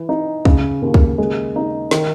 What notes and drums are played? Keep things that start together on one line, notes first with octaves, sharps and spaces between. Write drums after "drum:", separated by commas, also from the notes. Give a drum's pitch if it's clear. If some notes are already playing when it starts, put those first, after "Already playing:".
Already playing: E3
D#4
C#3, drum: kick
D#2
drum: kick
G#3
D#4
D#3, drum: snare